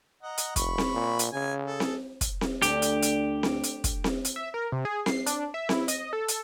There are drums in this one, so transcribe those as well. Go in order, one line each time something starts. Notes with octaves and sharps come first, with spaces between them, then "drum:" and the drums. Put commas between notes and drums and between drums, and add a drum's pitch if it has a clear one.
D#5 F#5 A#5
drum: hi-hat
F1 B5 C#6, drum: kick, hi-hat
drum: snare C4
A#2
drum: hi-hat
C#3 G#5
G#4 A4
drum: snare C4
drum: kick, hi-hat
drum: snare C4
D2 G4, drum: hi-hat
drum: hi-hat
drum: hi-hat
drum: snare C4
drum: hi-hat
drum: kick, hi-hat
drum: snare C4
drum: hi-hat
E5
A#4
C3
G#4
C7, drum: snare C4
D4, drum: hi-hat
E5
E4, drum: snare C4
D#5, drum: hi-hat
A4
drum: hi-hat